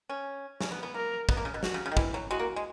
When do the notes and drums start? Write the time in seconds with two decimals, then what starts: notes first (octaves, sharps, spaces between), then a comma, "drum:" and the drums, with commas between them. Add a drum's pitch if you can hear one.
0.09 C#4
0.61 C#4, drum: snare
0.72 B3
0.83 B3
0.94 A#3 A#4
1.29 B3, drum: kick
1.37 A#3
1.45 C#3
1.54 B2
1.63 F#4, drum: snare
1.74 C#3
1.86 C#3
1.92 D#3
1.97 E3 E4, drum: kick
2.14 F#3
2.31 G#3 F#4
2.39 A#3
2.56 G#3